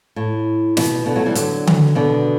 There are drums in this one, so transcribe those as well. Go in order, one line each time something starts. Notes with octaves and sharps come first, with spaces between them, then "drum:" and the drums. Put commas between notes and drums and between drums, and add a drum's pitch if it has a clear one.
A2
B2, drum: snare
B2 D3
F#3 A3
E3 G3
D3 F#3, drum: hi-hat
drum: tom D3
B2 D3